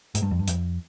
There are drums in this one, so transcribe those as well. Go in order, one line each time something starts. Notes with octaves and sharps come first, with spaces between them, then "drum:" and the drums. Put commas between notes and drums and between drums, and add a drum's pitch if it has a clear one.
G#2, drum: hi-hat
G2
F2
G2
F2, drum: hi-hat